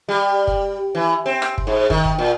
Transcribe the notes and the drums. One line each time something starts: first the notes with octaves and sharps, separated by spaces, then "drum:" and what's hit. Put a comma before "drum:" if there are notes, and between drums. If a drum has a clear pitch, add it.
G3
drum: kick
E3
C4
drum: rim click
drum: kick
G#2
D#3, drum: kick
drum: kick
A#2